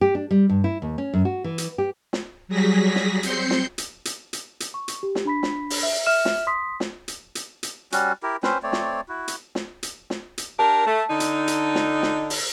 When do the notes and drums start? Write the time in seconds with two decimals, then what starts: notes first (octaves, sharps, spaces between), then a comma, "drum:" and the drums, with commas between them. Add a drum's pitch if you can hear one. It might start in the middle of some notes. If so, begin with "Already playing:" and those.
0.01 G4
0.15 D4
0.31 G3
0.49 G2
0.64 E4
0.82 D#2
0.98 C#4
1.14 F#2
1.25 F#4
1.44 E3
1.58 drum: hi-hat
1.78 G4
2.13 drum: snare
2.48 F#3 G3 G#4 A#6 B6
2.95 drum: snare
3.23 C4 C6 G6 C7 C#7, drum: hi-hat
3.50 drum: snare
3.78 drum: hi-hat
4.05 drum: hi-hat
4.33 drum: hi-hat
4.60 drum: hi-hat
4.74 C#6
4.88 drum: hi-hat
5.03 G4
5.15 drum: snare
5.25 D4 B5 B6
5.43 drum: snare
5.70 drum: open hi-hat
5.83 E5
6.06 E5 F6 E7
6.25 drum: snare
6.47 C6 D#6 B6
6.80 drum: snare
7.08 drum: hi-hat
7.35 drum: hi-hat
7.63 drum: hi-hat
7.92 G3 C#4 F#4, drum: hi-hat
8.23 E4 G4 A#4
8.43 C4 C#4 B4 C5, drum: snare
8.63 A3 C4 C#5 D5
8.73 drum: snare
9.08 E4 F#4
9.28 drum: hi-hat
9.55 drum: snare
9.83 drum: hi-hat
10.10 drum: snare
10.38 drum: hi-hat
10.59 D4 G4 A#4 A5
10.86 A3
11.10 D3 D#4
11.20 drum: hi-hat
11.48 drum: hi-hat
11.75 drum: snare
12.03 drum: snare
12.30 drum: open hi-hat